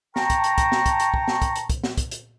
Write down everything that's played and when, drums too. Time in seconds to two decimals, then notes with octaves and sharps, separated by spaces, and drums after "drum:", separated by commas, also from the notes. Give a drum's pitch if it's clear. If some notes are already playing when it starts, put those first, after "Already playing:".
0.16 G5 A5 A#5 C#6, drum: snare
0.30 drum: kick, hi-hat
0.44 drum: hi-hat
0.58 drum: kick, hi-hat
0.72 drum: snare
0.86 drum: kick, hi-hat
1.00 drum: hi-hat
1.14 drum: kick
1.28 drum: snare
1.42 drum: kick, hi-hat
1.56 drum: hi-hat
1.70 drum: kick, hi-hat
1.84 drum: snare
1.97 drum: kick, hi-hat
2.11 drum: hi-hat